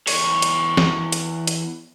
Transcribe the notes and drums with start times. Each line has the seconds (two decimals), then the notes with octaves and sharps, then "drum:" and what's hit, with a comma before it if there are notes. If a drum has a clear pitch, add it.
0.07 E2 C#5, drum: open hi-hat
0.42 drum: hi-hat
0.77 drum: snare
1.12 drum: hi-hat
1.47 drum: hi-hat